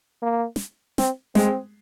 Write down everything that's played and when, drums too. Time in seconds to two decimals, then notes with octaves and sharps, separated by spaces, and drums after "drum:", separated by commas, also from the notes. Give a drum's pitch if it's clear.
0.22 A#3
0.56 drum: snare
0.98 C4, drum: snare
1.35 G#3 C4, drum: snare